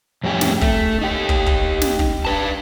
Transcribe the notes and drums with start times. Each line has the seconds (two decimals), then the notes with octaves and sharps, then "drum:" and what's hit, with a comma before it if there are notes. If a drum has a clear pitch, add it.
0.24 F2 A2 C#4 G4 G#4
0.41 drum: snare
0.61 A3, drum: kick
1.01 D#4 G4
1.29 drum: kick
1.46 drum: kick
1.82 drum: snare
1.99 drum: kick
2.25 D4 B4 A5